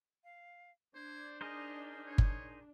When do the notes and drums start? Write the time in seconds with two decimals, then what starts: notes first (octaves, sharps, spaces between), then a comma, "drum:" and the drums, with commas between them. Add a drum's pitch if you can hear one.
0.24 F5
0.95 D4 C5 G#6
1.41 D#4 G#4 A#4 C5 D#5
2.07 C#5
2.18 drum: kick G1